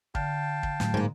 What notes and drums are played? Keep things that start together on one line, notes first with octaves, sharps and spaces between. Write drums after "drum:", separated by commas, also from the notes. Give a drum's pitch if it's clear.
D3 F5 G5 A5, drum: kick
drum: kick
A2 F#3, drum: snare
G#2 A#3